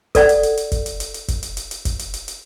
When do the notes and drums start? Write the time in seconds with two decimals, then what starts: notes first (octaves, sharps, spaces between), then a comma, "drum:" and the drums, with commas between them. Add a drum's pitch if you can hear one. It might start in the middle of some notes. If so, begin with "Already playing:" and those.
0.15 A4 D5 F#5, drum: kick, hi-hat
0.29 drum: hi-hat
0.43 drum: hi-hat
0.57 drum: hi-hat
0.72 drum: kick, hi-hat
0.86 drum: hi-hat
1.00 drum: hi-hat
1.14 drum: hi-hat
1.28 drum: kick, hi-hat
1.43 drum: hi-hat
1.57 drum: hi-hat
1.71 drum: hi-hat
1.85 drum: kick, hi-hat
1.99 drum: hi-hat
2.14 drum: hi-hat
2.28 drum: hi-hat